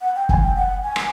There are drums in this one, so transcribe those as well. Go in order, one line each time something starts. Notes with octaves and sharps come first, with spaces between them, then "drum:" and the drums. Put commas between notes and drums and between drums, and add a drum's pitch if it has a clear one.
F#5
G5
G#5, drum: kick
G5
F#5
G#5
drum: rim click